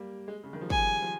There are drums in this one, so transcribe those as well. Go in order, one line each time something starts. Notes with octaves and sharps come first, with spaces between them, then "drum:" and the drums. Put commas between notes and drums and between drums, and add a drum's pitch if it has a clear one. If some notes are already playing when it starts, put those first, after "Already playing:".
Already playing: G3 A#3
G#3
C#3
D#3
F3
G3 G#5, drum: kick
F3